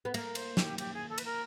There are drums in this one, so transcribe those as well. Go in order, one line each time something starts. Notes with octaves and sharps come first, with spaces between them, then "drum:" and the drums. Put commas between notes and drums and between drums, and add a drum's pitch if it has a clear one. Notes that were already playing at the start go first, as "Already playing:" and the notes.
B3
A#3 A#4, drum: cymbal
C5, drum: cymbal
G4, drum: snare
G4, drum: cymbal
G#4
A4
B4, drum: cymbal
A#4